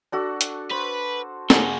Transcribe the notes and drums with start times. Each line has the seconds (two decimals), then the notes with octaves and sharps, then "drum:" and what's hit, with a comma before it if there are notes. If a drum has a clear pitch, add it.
0.12 D4 F#4 A4
0.41 drum: hi-hat
0.71 B4 C5
1.50 A#3 F#4 G#4, drum: snare